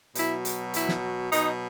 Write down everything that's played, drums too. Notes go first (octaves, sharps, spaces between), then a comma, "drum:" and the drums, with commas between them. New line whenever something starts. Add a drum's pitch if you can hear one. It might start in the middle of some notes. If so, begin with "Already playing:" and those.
B2 F#3 E4, drum: hi-hat
drum: hi-hat
E4, drum: hi-hat
drum: snare
B2 F#3 D#4, drum: hi-hat